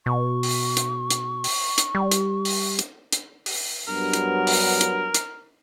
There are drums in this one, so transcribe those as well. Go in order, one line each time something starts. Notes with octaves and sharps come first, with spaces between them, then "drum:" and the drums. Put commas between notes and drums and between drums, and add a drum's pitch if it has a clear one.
B2 C#6
drum: open hi-hat
drum: hi-hat
drum: hi-hat
drum: open hi-hat
drum: hi-hat
G3
drum: hi-hat
drum: open hi-hat
drum: hi-hat
drum: hi-hat
drum: open hi-hat
G2 F#3 B3 A#4
drum: hi-hat
drum: open hi-hat
drum: hi-hat
drum: hi-hat